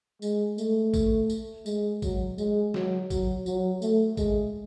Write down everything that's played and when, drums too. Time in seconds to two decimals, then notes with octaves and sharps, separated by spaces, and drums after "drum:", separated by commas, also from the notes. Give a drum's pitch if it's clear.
0.22 G#3, drum: tambourine
0.58 A3, drum: tambourine
0.94 drum: kick A1, tambourine
1.30 drum: tambourine
1.66 G#3, drum: tambourine
2.02 F#3, drum: kick A1, tambourine
2.38 G#3, drum: tambourine
2.74 F#3, drum: snare
3.10 F#3, drum: kick A1, tambourine
3.46 F#3, drum: tambourine
3.82 A3, drum: tambourine
4.17 G#3, drum: kick A1, tambourine